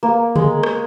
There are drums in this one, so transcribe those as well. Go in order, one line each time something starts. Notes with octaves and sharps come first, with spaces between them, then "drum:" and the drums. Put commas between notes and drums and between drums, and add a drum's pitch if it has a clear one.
A#3
G#3, drum: tom C#3
drum: rim click